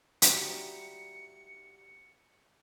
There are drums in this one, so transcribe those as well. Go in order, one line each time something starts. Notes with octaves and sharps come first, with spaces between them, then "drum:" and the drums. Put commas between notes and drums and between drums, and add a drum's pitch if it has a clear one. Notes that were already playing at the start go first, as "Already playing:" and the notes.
G3 D#4 E4 F#4 G4 C#7, drum: hi-hat